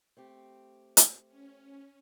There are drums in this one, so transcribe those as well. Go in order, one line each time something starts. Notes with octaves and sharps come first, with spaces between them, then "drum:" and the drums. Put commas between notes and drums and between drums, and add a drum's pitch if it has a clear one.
A3 C4 G4
drum: hi-hat
C#4